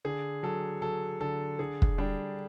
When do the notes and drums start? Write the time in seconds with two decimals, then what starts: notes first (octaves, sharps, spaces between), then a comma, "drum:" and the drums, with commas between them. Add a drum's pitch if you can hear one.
0.05 D3 G#4
0.43 F#3 A4
0.82 F#3 A4
1.21 D3 A4
1.59 D3 G#4
1.82 drum: kick
1.98 G3 D4